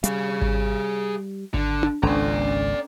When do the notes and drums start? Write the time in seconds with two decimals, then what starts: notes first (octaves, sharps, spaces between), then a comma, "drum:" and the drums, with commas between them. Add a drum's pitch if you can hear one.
0.04 G3 G#4 F5, drum: hi-hat
0.42 drum: kick G#1
1.54 D3, drum: kick G#1
1.83 drum: tom D4
2.03 G#1 C#2 C#4 D4 A4 D5 A#5